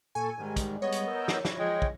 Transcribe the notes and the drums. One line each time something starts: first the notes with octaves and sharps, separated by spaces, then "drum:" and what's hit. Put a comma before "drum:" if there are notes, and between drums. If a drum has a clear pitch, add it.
A#2 A4 G#5 C#6
G#2 D#3 G3 G#3
drum: kick, hi-hat
B3 C#5 D#5
drum: hi-hat
A#4 E6 G6
drum: snare
F3 E4 G#6 A#6, drum: snare
G#3 G5
drum: kick